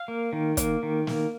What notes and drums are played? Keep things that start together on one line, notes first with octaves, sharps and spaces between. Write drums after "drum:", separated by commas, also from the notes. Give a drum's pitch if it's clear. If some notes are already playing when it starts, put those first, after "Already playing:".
Already playing: F5
A#3
D#3
A#3, drum: kick, hi-hat
D#3
A#3, drum: snare